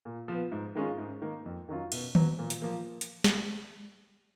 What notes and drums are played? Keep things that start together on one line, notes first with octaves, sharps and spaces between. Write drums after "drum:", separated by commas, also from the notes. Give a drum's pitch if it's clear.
A#2
F3 B3
G#2
D#3 G#3 C#4 F4
G#2
D#3 A#3
F2
D#3 F#3 C#4 F4
B2, drum: cymbal
F#3 B3, drum: tom D#3
A#2
drum: hi-hat
F3 A#3
drum: hi-hat
drum: snare